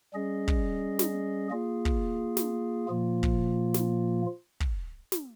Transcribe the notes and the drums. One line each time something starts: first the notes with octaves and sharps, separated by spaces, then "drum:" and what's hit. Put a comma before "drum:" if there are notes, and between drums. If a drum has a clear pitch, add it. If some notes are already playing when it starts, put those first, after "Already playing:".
G3 C#4 G#4 D#5
drum: kick
drum: snare
A#3 F4 G#4
drum: kick
drum: snare
A#2 F3 A#3 F4
drum: kick
drum: snare
drum: kick
drum: snare